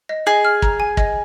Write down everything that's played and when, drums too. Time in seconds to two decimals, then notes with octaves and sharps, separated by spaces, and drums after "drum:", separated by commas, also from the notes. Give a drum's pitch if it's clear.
0.09 D#5
0.27 G#4 D#5
0.45 F6
0.62 A#5, drum: kick
0.80 G#5
0.97 D#5, drum: kick